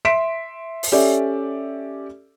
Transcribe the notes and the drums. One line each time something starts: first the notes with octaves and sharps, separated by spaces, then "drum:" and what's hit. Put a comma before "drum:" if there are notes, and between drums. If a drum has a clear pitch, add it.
E5 C6 B6 D7 E7
drum: open hi-hat
C#4 G4 A4 D5 E5